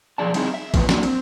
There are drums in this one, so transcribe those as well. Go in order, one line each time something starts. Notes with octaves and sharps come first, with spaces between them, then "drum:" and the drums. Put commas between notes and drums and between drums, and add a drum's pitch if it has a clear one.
B1 D#3 F3 G#4 D5 A5
G3 C4 D#4 E4 G#4, drum: cymbal
E5
E3 F3 A3 B3, drum: kick, cymbal
F#3 A#3 C#4 D4 E4 F#4, drum: snare
C4, drum: cymbal